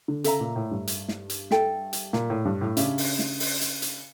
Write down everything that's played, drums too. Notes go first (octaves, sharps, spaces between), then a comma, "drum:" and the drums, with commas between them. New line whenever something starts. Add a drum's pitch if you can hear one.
D3
C#3 A4 E5 A#5, drum: hi-hat
A#2
A2
G2
drum: hi-hat
drum: snare
drum: hi-hat
A4 E5 G5, drum: snare
drum: hi-hat
A#2, drum: snare
A2
G2
A2
C#3 D4 G4 C#5 E5, drum: hi-hat
drum: open hi-hat
drum: snare
drum: open hi-hat
drum: hi-hat
drum: hi-hat